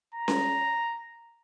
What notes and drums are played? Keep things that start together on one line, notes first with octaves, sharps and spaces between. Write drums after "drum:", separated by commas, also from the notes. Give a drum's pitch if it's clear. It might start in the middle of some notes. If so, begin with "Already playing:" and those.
A#5
drum: snare C#4